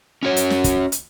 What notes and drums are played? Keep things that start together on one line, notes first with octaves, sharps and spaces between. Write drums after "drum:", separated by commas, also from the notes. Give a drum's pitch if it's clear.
C#4 F#4 C#5
drum: hi-hat
drum: snare
drum: kick, hi-hat
drum: hi-hat